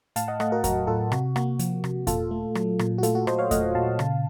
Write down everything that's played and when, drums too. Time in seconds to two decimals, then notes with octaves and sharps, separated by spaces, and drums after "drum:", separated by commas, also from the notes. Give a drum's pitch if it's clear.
0.16 A2 F5 A5, drum: hi-hat
0.28 D#5 F#5
0.40 A3 D#5 F#5, drum: rim click
0.52 F#4 A#4
0.64 F#3 F#4 A#4, drum: kick E2, hi-hat
0.87 A2 F4 A4
1.12 C3 F#4, drum: rim click
1.36 A#3 F#4, drum: rim click
1.59 F3, drum: hi-hat
1.84 C3, drum: rim click
2.07 A#2 F4 A4, drum: kick E2, hi-hat
2.31 A3
2.55 F#3, drum: rim click
2.79 A#2, drum: rim click
2.98 F#4
3.03 A3 F4 A4, drum: hi-hat
3.15 F#4
3.27 A#2 C5 D#5, drum: rim click
3.39 C#5 F5
3.51 A3 D#5 F#5, drum: kick E2, hi-hat
3.75 A#2 F5 A5
3.99 C#3, drum: rim click